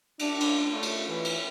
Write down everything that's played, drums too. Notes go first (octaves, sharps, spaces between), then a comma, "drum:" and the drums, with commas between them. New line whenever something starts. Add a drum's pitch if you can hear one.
D4, drum: cymbal
drum: cymbal
A3
drum: cymbal
E3
drum: cymbal